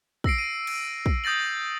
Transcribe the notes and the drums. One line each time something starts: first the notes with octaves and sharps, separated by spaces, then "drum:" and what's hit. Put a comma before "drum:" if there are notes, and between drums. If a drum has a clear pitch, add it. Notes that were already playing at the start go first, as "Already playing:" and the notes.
E6 A#6 C7 D7, drum: kick
D7 D#7
drum: cymbal
drum: kick
D#6 G6 A6 A#6 F#7